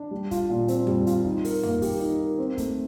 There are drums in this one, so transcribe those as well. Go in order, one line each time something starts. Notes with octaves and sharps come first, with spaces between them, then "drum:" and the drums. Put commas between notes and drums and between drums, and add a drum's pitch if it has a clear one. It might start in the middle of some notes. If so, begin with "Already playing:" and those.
Already playing: D4
G3
F4, drum: kick, hi-hat
A#2
C4, drum: hi-hat
G3, drum: tom F2
F4, drum: hi-hat
D#4, drum: kick
A#4, drum: open hi-hat
A#3, drum: tom F2
G4, drum: kick, open hi-hat
D#4
A#4
C4
A3, drum: kick, hi-hat